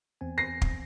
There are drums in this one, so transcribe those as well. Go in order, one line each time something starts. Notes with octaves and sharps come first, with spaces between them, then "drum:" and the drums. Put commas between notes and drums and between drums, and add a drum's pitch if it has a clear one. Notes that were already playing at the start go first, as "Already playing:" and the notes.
E2 C4 G#5
A#6 C7
drum: kick